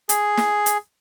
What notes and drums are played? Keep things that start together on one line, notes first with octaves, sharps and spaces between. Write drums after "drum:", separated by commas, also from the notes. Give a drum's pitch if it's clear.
G#4, drum: hi-hat
drum: snare
drum: hi-hat